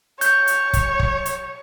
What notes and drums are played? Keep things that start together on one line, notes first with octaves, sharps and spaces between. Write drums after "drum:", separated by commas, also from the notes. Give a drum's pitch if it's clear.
C#5 G6, drum: hi-hat
drum: hi-hat
drum: kick, hi-hat
drum: kick
drum: hi-hat